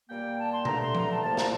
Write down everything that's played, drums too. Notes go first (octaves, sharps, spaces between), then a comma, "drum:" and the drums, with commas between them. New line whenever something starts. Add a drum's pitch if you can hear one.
A#2 G3 A#3 G5
A5
C6
G2 D3 A3 A#5, drum: tom B2
C6
A#5, drum: tom F3
A5
C2 A#2 F3 A#3 A5
A#5, drum: snare